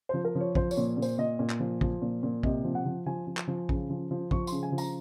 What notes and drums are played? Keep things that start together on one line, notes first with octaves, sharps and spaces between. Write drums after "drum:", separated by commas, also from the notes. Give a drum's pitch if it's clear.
F3 C5
A#4
F3
C#5
F3 C5, drum: kick A#1
C#5, drum: tambourine
A#2
A#2
C5, drum: tambourine
A#2 D#5
A#2
drum: clap
F3
F3, drum: kick A#1
A#2
A#2
C3 D#5, drum: kick A#1
F3
F#5
F3
F3 G#5
F3
drum: clap
F3
C#3, drum: kick A#1
F3
F3
F3 C#6, drum: kick A#1
C#3 C6, drum: tambourine
G#5
F3
A#5, drum: tambourine